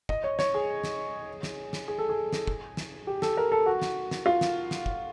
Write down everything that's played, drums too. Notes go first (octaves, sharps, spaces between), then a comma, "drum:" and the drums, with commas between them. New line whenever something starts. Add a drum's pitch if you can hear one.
D#5, drum: kick
C#5
C#5, drum: snare
G#4
drum: snare
drum: snare
drum: snare
G#4
A4
G#4
drum: snare
drum: kick
drum: snare
G4
A4, drum: snare
A#4
A4
F#4
drum: snare
drum: snare
F4
drum: snare
drum: snare
drum: kick